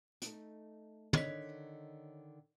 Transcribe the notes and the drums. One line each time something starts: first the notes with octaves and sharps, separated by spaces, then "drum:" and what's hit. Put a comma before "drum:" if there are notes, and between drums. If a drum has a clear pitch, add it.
A3 D#4, drum: hi-hat
D3 D#3 C#5 D#5 B6, drum: tom